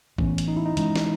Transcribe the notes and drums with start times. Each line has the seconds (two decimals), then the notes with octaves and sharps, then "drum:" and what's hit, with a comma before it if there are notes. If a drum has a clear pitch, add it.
0.18 A2 E3 B3 C#4, drum: kick A#1
0.38 drum: hi-hat
0.48 D#4
0.57 E4
0.66 D#4
0.77 E3 G#3 C#4 D#4, drum: hi-hat
0.96 drum: snare